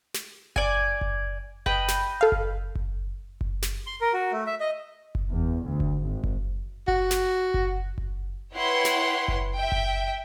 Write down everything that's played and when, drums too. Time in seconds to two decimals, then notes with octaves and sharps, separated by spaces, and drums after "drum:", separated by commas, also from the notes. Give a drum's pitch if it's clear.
0.14 drum: snare
0.56 D5 G#5, drum: kick F#1
1.01 drum: kick F#1
1.66 B4 D#5 G5, drum: kick F#1
1.88 drum: snare
2.21 A4 F5
2.32 drum: kick F#1
2.75 drum: kick F#1
3.41 drum: kick F#1
3.62 drum: snare
3.87 C6
4.01 A#4
4.13 F#4
4.32 A3
4.46 E5
4.60 D#5
5.15 drum: kick F#1
5.32 E2
5.65 D2
5.80 drum: kick F#1
6.02 G#1
6.24 drum: kick F#1
6.88 F#4, drum: kick F#1
7.11 drum: snare
7.54 drum: kick F#1
7.98 drum: kick F#1
8.54 E4 B4 C#5 F#5 G5 C6
8.85 drum: snare
9.28 drum: kick F#1
9.56 E5 G5
9.72 drum: kick F#1